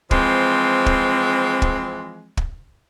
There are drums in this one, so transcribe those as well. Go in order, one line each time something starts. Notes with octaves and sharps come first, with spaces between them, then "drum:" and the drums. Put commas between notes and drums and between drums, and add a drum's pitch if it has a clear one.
E3 F3 G#3 C4, drum: kick
drum: kick
drum: kick
drum: kick